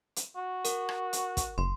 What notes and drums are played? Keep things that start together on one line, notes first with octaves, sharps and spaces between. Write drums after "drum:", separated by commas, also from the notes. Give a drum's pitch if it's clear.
drum: hi-hat
F#4
A#4, drum: hi-hat
drum: rim click
drum: hi-hat
drum: kick, hi-hat
F#1 C6